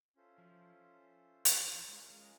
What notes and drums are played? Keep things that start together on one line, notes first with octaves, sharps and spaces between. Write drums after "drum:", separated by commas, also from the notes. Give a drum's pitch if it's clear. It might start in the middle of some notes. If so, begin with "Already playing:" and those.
C#4 F4 A4 C5 E5
F3
F3, drum: hi-hat
E3
F3
G#3 C#4 F4 A#4 D#5
G#3